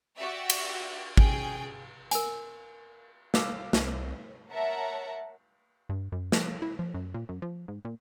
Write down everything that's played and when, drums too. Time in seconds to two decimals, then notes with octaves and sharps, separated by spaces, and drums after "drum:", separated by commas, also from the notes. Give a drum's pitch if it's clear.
0.18 F#4 G4 D5 E5
0.50 drum: cymbal
1.17 C#4 G#4 G5 G#5, drum: kick G#1
2.11 A#4 G#5, drum: hi-hat
3.34 F5 D6 E6, drum: snare
3.73 C2, drum: snare
4.51 A#4 C#5 E5 F#5 A5 A#5
5.89 G2
6.12 F#2
6.32 F3, drum: snare
6.62 E4
6.79 F3
6.94 F#2
7.14 A#2
7.29 F#2
7.42 F3
7.68 G#2
7.85 A#2